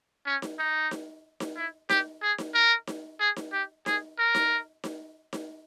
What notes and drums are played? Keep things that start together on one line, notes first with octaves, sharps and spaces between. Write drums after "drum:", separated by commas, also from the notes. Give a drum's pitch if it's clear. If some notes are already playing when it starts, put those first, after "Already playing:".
C#4
drum: snare D#4
D#4
drum: snare D#4
drum: snare D#4
E4
G4, drum: snare D#4
G#4
drum: snare D#4
A#4
drum: snare D#4
G#4
drum: snare D#4
G4
G#4, drum: snare D#4
A#4
drum: snare D#4
drum: snare D#4
drum: snare D#4